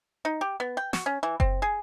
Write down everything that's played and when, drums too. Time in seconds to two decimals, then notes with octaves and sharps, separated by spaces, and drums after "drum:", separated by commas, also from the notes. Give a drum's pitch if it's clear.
0.25 D#4
0.41 G4
0.60 B3
0.77 G5
0.93 F#4, drum: snare
1.06 C#4
1.23 E3
1.40 C4, drum: kick F#1
1.62 G#4